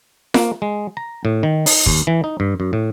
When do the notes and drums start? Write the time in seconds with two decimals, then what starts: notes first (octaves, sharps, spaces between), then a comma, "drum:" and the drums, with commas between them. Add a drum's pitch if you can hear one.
0.34 A#3, drum: snare F4
0.62 G#3
0.97 A#5
1.25 A2
1.43 D#3
1.66 D#4, drum: open hi-hat
1.86 D#2, drum: kick
2.07 E3
2.24 D#4
2.40 G2
2.60 F#2
2.73 A2